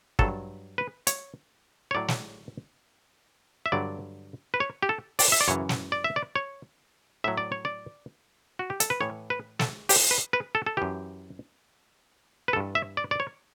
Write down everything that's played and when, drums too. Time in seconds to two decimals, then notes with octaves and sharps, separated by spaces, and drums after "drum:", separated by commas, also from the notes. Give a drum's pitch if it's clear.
0.19 G2 F#3 A4, drum: kick
0.78 B4
1.07 C#5, drum: hi-hat
1.91 C#5
1.95 A2 F#3 D5
2.08 drum: snare
3.66 E5
3.72 G2 D3 F#3 D5
4.54 B4
4.60 C#5
4.83 G4
4.89 A4
5.19 D5, drum: open hi-hat
5.32 E5
5.41 D5
5.48 F#2 C#3 E3 C#5
5.69 drum: snare
5.92 D5
6.04 E5
6.16 D5
6.36 C#5
7.24 A2 F#3 E5
7.38 D5
7.52 C#5
7.65 D5
8.59 F#4
8.70 G4
8.80 A4, drum: hi-hat
8.90 B4
9.00 A2 E3 C#5
9.30 B4
9.59 A4, drum: snare
9.89 G4, drum: open hi-hat
10.11 B4
10.33 B4
10.55 A4
10.66 A4
10.77 F#2 E3 G4
12.48 B4
12.53 G2 E3 A4
12.75 E5
12.97 D5
13.11 D5
13.20 C#5